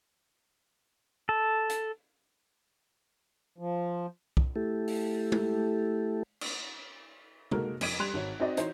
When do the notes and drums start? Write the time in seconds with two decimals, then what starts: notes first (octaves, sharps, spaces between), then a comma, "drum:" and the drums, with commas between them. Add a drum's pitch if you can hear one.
1.29 A4
1.69 drum: hi-hat
3.58 F3
4.37 drum: kick
4.56 A3 E4 G4 A4
4.87 drum: open hi-hat
5.32 drum: tom G#3
6.41 drum: cymbal
7.51 G#3 A#3 D#4 F#4 A4 A#4, drum: tom
7.81 F2 D#5 G#6 B6 D7 D#7, drum: cymbal
7.99 G3 C6 F#6 F7
8.14 G#1 F#4 C#5
8.40 C4 D#4 F#4 D5 D#5
8.57 E3 D#4 F#4 C5 C#5, drum: hi-hat